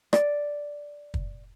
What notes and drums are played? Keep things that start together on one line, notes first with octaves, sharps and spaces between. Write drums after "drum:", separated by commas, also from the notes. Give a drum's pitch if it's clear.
D5, drum: rim click
drum: kick